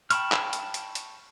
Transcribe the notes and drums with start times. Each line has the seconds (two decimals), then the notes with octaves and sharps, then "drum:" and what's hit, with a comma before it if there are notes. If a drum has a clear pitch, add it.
0.11 G5 A5 B5 C#6 F6, drum: hi-hat
0.32 drum: clap
0.53 drum: hi-hat
0.74 drum: hi-hat
0.95 drum: hi-hat